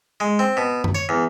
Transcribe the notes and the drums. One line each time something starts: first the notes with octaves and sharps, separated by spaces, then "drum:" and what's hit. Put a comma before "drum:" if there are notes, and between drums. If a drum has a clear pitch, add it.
G#3
C4
B2
drum: tom F#2
C#5
E2